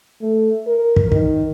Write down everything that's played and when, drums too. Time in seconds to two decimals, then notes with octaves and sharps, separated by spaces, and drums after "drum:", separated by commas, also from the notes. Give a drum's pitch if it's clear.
0.22 A3
0.67 A#4
0.96 drum: kick
1.12 D#3, drum: kick